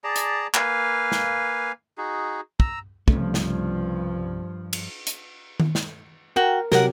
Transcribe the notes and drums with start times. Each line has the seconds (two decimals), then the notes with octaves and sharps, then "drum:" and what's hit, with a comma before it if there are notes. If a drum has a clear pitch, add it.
0.04 G#4 D5 A5 A#5
0.16 drum: hi-hat
0.54 A#3 B4 F5 G#5, drum: clap
1.12 drum: snare
1.98 D#4 F#4 G#4
2.60 A#5 E6, drum: kick
3.08 C2 G2 C#3 F3 A3, drum: kick
3.34 drum: snare
4.73 drum: cymbal
5.07 drum: hi-hat
5.60 drum: tom D#3
5.75 drum: snare
6.36 F#4 A#4 G5
6.72 C3 F#3 G4 A#4 F#5, drum: snare